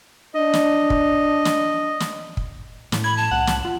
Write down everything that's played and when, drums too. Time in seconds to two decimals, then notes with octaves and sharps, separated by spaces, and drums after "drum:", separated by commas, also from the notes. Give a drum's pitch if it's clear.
0.35 D4 D#5
0.53 drum: snare
0.90 drum: kick
1.45 drum: snare
2.00 drum: snare
2.37 drum: kick
2.92 A2, drum: snare
3.04 B5 G#6
3.17 A5
3.31 C2 F#5
3.47 drum: snare
3.65 F4